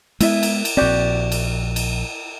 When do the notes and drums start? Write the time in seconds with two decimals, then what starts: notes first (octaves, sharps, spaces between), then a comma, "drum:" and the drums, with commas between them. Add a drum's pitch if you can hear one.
0.20 G#3 B3 E4 E5, drum: cymbal
0.43 drum: cymbal
0.65 drum: cymbal
0.77 A#1 C4 F#4 G4 D5
1.32 drum: cymbal
1.76 drum: cymbal